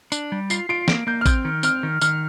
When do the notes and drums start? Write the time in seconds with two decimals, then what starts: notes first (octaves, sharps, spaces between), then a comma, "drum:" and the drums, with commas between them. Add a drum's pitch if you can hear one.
0.12 D4, drum: tambourine
0.32 G3
0.50 F4 C7, drum: tambourine
0.69 F4 D7
0.88 A#3 D7, drum: snare
1.07 A#3 G6
1.21 F6
1.26 C4 G6, drum: kick A1, tambourine
1.45 D#3
1.63 C4 F6, drum: tambourine
1.83 D#3
2.01 D#3 F6, drum: tambourine